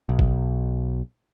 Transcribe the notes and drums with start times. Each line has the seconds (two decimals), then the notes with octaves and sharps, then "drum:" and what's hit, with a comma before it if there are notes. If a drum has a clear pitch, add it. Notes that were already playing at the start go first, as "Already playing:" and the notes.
0.09 B1
0.19 drum: kick G#1